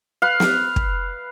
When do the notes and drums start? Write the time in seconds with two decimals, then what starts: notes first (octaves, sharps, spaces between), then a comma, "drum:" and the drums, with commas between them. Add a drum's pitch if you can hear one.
0.22 B4 F5
0.40 drum: snare
0.76 drum: kick